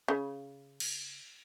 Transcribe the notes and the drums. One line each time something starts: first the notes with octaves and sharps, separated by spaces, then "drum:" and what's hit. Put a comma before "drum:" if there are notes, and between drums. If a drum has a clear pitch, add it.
C#3
drum: cymbal